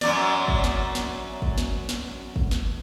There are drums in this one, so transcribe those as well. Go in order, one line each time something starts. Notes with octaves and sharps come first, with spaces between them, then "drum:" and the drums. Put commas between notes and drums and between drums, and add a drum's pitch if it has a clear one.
F#2 F#3 D5, drum: snare
drum: kick
drum: snare
drum: snare
drum: kick
drum: snare
drum: snare
drum: kick
drum: snare